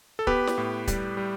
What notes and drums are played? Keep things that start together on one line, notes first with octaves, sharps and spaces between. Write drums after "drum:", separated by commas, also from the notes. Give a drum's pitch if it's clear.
A4
B3 G4 B4, drum: kick
drum: snare
A2
G3, drum: kick, hi-hat
G3